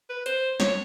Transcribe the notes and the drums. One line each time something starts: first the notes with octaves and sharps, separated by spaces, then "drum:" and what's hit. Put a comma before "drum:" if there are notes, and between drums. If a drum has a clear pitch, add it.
B4
C5, drum: hi-hat
C#5, drum: snare